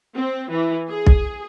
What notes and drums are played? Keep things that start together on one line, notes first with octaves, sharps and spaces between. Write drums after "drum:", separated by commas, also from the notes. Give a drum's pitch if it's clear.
C4
E3
G#4
drum: kick B1